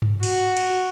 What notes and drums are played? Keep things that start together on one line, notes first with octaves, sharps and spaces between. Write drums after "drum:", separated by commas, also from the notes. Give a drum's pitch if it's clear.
drum: tom G2
F#4, drum: open hi-hat
drum: cymbal